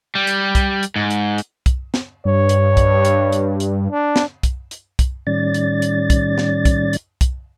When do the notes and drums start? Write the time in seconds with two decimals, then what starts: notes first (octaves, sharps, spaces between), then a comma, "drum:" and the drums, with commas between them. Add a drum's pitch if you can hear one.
0.15 G3
0.27 drum: hi-hat
0.55 drum: kick, hi-hat
0.83 drum: hi-hat
0.96 G#2
1.10 drum: hi-hat
1.38 drum: hi-hat
1.66 drum: kick, hi-hat
1.94 drum: snare
2.25 G2 C#5
2.49 drum: hi-hat
2.77 drum: kick, hi-hat
3.05 drum: hi-hat
3.32 drum: hi-hat
3.60 drum: hi-hat
3.92 D4
4.16 drum: snare
4.43 drum: kick, hi-hat
4.71 drum: hi-hat
4.99 drum: kick, hi-hat
5.27 A2 D#3 G3 C#4 D5 A6
5.54 drum: hi-hat
5.82 drum: hi-hat
6.10 drum: kick, hi-hat
6.38 drum: snare
6.65 drum: kick, hi-hat
6.93 drum: hi-hat
7.21 drum: kick, hi-hat